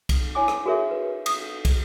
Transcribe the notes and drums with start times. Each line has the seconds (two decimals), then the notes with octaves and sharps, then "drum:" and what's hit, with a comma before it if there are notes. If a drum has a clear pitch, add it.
0.09 drum: kick, cymbal
0.35 E4 C#5 G#5 D6
0.48 drum: rim click
0.66 F#4 G#4 A#4 C#5 E5
0.91 B4
1.26 D#6, drum: cymbal
1.65 drum: kick, cymbal